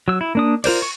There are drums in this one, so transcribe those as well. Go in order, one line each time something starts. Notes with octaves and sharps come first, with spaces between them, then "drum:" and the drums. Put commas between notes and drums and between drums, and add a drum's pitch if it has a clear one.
F#3 E6
E4
A#3 D4 D#6
F4 A#4 C5 D5, drum: cymbal
C#6